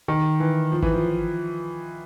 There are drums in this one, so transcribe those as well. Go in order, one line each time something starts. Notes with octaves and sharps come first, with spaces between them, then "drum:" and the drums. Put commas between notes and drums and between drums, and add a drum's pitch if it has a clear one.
D#3
E3
F3
E3, drum: kick G#1
F3